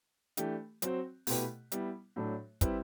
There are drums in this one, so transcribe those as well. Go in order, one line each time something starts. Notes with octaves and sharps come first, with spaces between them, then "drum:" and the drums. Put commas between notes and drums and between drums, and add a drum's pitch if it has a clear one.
E3 A3 D4 G4, drum: hi-hat
F#3 C4 F#4 C5, drum: hi-hat
B2 A3 E4 G4 B4, drum: open hi-hat
G3 B3 E4, drum: hi-hat
A2 F#3 A3 D4
G3 C4 E4 B4, drum: kick, hi-hat